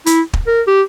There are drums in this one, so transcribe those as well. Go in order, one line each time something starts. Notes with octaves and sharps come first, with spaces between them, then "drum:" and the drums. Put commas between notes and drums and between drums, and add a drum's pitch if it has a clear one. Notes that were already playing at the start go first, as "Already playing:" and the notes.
E4, drum: hi-hat
drum: kick
A#4
G4